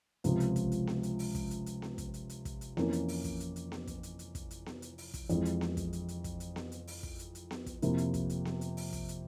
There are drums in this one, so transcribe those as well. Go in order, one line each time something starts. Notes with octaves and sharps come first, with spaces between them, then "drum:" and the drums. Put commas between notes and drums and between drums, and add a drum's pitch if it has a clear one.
C#2 C3 F3, drum: hi-hat
drum: hi-hat
drum: kick, hi-hat
drum: hi-hat
drum: snare B3
drum: hi-hat
drum: open hi-hat
drum: kick, hi-hat
drum: hi-hat
drum: hi-hat
drum: snare B3
drum: kick, hi-hat
drum: hi-hat
drum: hi-hat
drum: kick, hi-hat
drum: hi-hat
F2 E3 A#3 C#4, drum: snare B3
drum: hi-hat
drum: open hi-hat
drum: kick, hi-hat
drum: hi-hat
drum: hi-hat
drum: snare B3
drum: kick, hi-hat
drum: hi-hat
drum: hi-hat
drum: kick, hi-hat
drum: hi-hat
drum: snare B3
drum: hi-hat
drum: open hi-hat
drum: kick, hi-hat
F2 E3 G#3, drum: hi-hat
drum: hi-hat
drum: snare B3
drum: kick, hi-hat
drum: hi-hat
drum: hi-hat
drum: kick, hi-hat
drum: hi-hat
drum: snare B3
drum: hi-hat
drum: open hi-hat
drum: kick
drum: hi-hat
drum: hi-hat
drum: snare B3
drum: kick, hi-hat
F2 C3 F3 A#3 E4, drum: hi-hat
drum: hi-hat
drum: kick, hi-hat
drum: hi-hat
drum: snare B3
drum: hi-hat
drum: open hi-hat
drum: kick, hi-hat
drum: hi-hat